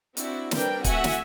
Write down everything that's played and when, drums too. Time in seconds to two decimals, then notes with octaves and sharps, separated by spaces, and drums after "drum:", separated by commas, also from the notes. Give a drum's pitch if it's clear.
0.17 C4 D4 E4 F#4, drum: hi-hat
0.51 G3 C4 D4 A#4 B4 G5, drum: snare
0.84 A3 F#4 E5 F#5 G#5, drum: kick, hi-hat
1.04 drum: snare